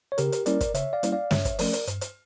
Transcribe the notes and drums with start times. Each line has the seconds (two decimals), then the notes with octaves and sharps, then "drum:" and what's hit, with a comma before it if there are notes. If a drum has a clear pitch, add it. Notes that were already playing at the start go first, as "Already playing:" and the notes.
0.12 C#5
0.18 C#3 G4 A#4, drum: hi-hat
0.32 drum: hi-hat
0.46 G3 A#3 C#4 E4 A#4 D5, drum: hi-hat
0.61 drum: kick, hi-hat
0.75 C#3 C#5 E5, drum: hi-hat
0.93 D5 F5
1.03 G3 A#3 C#4 E4, drum: hi-hat
1.12 D5 F5
1.31 G2 C#5 E5, drum: snare
1.45 drum: kick, hi-hat
1.59 F3 A3 C#4 A#4 D5, drum: open hi-hat
1.73 drum: hi-hat
1.87 G2, drum: hi-hat
2.01 drum: hi-hat